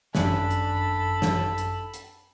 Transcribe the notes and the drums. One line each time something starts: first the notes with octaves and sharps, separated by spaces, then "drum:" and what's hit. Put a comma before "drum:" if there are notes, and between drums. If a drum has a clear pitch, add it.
G#1 F#2 D4 A4 G#5 B5, drum: snare
drum: hi-hat
drum: snare
drum: hi-hat
drum: hi-hat